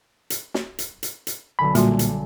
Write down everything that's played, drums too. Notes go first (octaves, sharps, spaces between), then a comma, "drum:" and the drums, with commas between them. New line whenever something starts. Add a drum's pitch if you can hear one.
drum: hi-hat
drum: snare
drum: hi-hat
drum: hi-hat
drum: hi-hat
B1 D3 G#5 B5
A#2 G3 F#4 C6, drum: hi-hat
drum: hi-hat